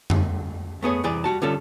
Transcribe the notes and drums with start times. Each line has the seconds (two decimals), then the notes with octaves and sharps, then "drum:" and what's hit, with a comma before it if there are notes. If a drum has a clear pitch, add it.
0.10 drum: tom F2
0.83 A3 B3 G#4 C#5
1.04 C2 E3 G#4 D5
1.24 G3 F#4 A5
1.42 D3 G3 C#4 F4 A4